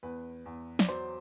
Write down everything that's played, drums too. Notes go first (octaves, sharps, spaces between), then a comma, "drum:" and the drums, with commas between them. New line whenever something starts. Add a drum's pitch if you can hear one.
E2 B4
E2
D5, drum: snare
F#3 C5